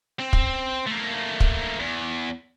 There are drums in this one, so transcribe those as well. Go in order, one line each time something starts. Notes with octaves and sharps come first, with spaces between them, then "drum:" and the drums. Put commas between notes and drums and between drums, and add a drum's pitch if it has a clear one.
C4
drum: kick
A3 A#3
drum: kick
E2